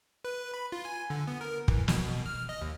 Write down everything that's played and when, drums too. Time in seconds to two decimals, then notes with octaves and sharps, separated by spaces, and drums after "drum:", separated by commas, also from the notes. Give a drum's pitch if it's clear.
0.25 B4
0.54 B5
0.72 F4
0.85 G#5
1.10 D3
1.27 B3
1.41 A#4
1.68 E3, drum: kick
1.88 B2, drum: snare
2.26 F6
2.49 D#5
2.61 D#2